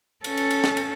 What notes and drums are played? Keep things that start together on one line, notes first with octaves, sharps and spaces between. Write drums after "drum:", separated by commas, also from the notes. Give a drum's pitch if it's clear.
C#4 A4, drum: cymbal
drum: cymbal
drum: cymbal
drum: snare
drum: cymbal